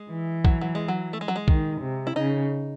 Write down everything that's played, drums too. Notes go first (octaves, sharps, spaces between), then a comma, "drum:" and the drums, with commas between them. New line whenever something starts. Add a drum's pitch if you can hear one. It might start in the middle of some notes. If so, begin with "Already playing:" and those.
Already playing: G#3
E3
F#3, drum: kick
F#3
G#3
F#3
A3
G#3
F#3
G#3
D#3, drum: kick
C3
E4
C#3 D#4